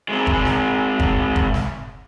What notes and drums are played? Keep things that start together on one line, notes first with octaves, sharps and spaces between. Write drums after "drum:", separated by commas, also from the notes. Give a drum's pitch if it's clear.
G#3 C4
drum: kick
drum: snare
drum: kick
drum: kick
drum: snare